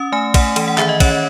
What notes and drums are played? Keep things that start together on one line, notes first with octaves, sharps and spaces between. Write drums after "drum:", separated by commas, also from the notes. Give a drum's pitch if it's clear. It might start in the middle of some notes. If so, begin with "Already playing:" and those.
Already playing: C#4 D#6
A3 G#5
A3 F#5, drum: kick, cymbal
E3, drum: cymbal
F#5
D#3 E5, drum: clap
D#5
C#4 C#5, drum: kick, cymbal
D#5